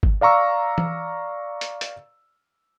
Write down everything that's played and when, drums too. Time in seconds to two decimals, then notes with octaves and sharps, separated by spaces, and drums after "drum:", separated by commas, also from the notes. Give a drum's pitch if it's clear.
0.03 drum: kick
0.21 D5 F5 A#5 C#6 E6
0.78 drum: tom
1.61 drum: hi-hat
1.81 drum: hi-hat